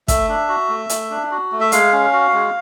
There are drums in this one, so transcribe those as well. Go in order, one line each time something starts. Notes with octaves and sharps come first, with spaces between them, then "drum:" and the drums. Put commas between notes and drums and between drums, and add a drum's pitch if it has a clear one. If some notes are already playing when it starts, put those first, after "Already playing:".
A3 E5, drum: kick, hi-hat
D4
F#4
A3
A3, drum: hi-hat
D4
F#4
A3
E5
G#3 F5, drum: hi-hat
C#4
F#4
G#3